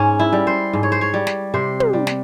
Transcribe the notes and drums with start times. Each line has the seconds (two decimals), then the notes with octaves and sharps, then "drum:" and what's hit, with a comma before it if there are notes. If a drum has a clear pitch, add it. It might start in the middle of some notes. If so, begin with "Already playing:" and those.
Already playing: G#2 C#4
0.19 E4
0.33 G3
0.47 C5
0.73 G#2
0.83 C#5
0.92 C5
1.01 C#5
1.14 G3
1.27 drum: snare
1.54 C3 C5
1.80 drum: tom
1.93 G3
2.07 drum: snare